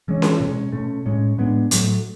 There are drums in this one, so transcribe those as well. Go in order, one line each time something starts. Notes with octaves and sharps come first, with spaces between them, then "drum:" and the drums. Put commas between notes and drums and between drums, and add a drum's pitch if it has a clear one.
E3 G#3 C#4
drum: snare C#4
B2 G#3 C#4
B2 A3 C#4
A2 G#3 C#4
A2 G#3 B3 D4
A2 F#3 A3, drum: hi-hat